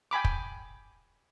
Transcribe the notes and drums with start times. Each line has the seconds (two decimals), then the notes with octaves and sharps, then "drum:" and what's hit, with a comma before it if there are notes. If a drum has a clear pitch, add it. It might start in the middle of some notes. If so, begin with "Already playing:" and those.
0.11 G5 G#5 B5 D6
0.24 drum: kick